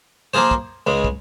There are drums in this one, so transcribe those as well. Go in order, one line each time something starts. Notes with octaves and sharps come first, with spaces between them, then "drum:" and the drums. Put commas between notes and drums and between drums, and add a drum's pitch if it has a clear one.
F3 A#3 F4 G#4 C5
drum: kick
C#2 C#3 G#3
drum: kick